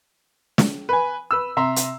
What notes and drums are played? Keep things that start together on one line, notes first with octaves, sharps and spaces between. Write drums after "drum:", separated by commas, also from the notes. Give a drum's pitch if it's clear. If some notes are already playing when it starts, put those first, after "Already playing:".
drum: snare
B4 G#5
B4 E6
C3 E5 A#5 C6
drum: hi-hat